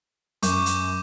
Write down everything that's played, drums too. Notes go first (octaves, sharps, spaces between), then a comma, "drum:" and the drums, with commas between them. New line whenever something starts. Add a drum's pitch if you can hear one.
F#2 C#6 D6 G6, drum: hi-hat
drum: hi-hat